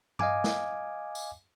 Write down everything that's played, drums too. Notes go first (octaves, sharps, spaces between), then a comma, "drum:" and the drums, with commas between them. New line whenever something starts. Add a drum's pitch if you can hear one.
D#5 F5 G#5 D6, drum: tom G2
drum: snare
drum: tambourine